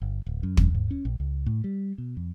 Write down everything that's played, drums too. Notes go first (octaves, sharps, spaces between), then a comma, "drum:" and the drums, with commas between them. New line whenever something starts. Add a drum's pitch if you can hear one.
G1
D1
F#2
drum: kick
G#2
C#4
A#1
C#2
A2
G3
B2
F2